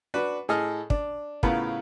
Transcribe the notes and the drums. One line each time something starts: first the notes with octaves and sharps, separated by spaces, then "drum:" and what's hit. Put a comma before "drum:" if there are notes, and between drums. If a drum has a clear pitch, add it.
D4 F#4 B4
A2 G#4 A4 D#5 F6
D4, drum: kick
A2 C#3 B3 F4 A#4, drum: kick